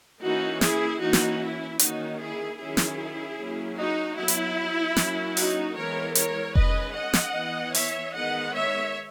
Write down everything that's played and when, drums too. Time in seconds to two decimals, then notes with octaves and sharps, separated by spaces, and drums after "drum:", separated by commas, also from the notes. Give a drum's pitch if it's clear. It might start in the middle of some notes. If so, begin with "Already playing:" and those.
0.21 E3 A#3 C#4 D#4 F#4
0.61 E4 G#4, drum: snare
1.00 E3 A#3 C#4 D#4 F#4
1.13 drum: snare
1.41 E4
1.79 D#3 A#3 C#4 D#4 F#4, drum: hi-hat
2.20 E4 G#4
2.60 D#3 F#3 C#4 E4 G#4
2.77 drum: snare
3.39 F#3 A#3 C#4
3.78 D#4 F#4
4.17 F#3 B3 E4
4.28 drum: hi-hat
4.96 F#3 A#3 C#4, drum: snare
5.37 D#4 F#4, drum: open hi-hat
5.76 E3 G#3 B3 A#4 C#5
6.15 A#4 C#5, drum: hi-hat
6.55 D#3 G#3 C#4 B4 D#5, drum: kick F1
6.95 D#5 F#5
7.13 drum: snare
7.34 E3 B3
7.74 C#5 E5, drum: open hi-hat
8.14 D#3 G#3 B3 D#5 F#5
8.53 C#5 E5